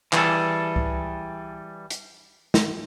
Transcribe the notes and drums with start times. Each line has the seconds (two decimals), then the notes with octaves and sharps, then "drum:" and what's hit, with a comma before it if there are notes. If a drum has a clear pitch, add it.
0.13 E3 G3 G#4 A4, drum: clap
0.76 drum: kick C#2
1.90 drum: hi-hat
2.54 drum: snare